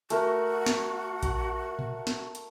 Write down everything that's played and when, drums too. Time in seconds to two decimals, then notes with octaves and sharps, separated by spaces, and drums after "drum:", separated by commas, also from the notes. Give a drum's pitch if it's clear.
0.10 A3 F#4 A#4, drum: hi-hat
0.66 drum: snare
1.23 drum: kick A#1, hi-hat
1.79 drum: tom A#2
2.07 drum: snare
2.35 drum: hi-hat